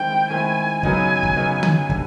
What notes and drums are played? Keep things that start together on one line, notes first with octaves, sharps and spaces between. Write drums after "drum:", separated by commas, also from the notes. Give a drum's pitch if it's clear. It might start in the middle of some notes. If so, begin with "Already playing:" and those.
Already playing: D#3 G#3 C4 E4 G5
D#3 G#3 C4 E4 G#5
F#2 C#3 F#3 B3 D#4 G#5, drum: kick
drum: kick
F#2 C#3 F#3 B3 D#4
drum: tom D3
D3 G3, drum: kick